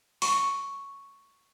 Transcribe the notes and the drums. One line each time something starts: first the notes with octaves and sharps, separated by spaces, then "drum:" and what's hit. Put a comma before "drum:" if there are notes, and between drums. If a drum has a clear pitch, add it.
C#6, drum: open hi-hat